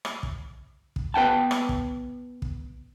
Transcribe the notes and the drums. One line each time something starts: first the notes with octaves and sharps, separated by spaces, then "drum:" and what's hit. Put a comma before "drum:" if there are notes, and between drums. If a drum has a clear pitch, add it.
drum: rim click
drum: kick
drum: kick
B3 B4 F#5 G5 A5
drum: rim click
drum: kick
drum: kick